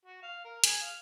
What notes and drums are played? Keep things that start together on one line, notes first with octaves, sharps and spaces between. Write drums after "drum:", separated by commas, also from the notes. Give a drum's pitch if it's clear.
F#4
F5
A#4
G#4, drum: hi-hat
F5